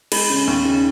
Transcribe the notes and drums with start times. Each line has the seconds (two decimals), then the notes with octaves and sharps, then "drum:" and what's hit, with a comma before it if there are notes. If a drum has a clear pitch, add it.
0.12 G#3 B5, drum: cymbal
0.30 C#3
0.47 D#2
0.65 C#3